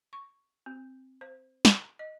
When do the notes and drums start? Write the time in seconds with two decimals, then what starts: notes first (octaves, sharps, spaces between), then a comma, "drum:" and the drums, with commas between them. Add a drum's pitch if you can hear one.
0.13 C#6
0.66 C4
1.21 C5
1.65 drum: snare
1.99 D#5